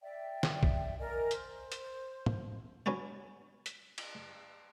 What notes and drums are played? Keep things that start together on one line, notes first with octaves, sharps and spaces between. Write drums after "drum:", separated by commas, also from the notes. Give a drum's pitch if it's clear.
D5 E5 G5
drum: snare
drum: kick
A#4 D5 D#5 G#5
C5, drum: hi-hat
drum: hi-hat
drum: tom
F#3 B3 C#4 D4
drum: hi-hat
drum: cymbal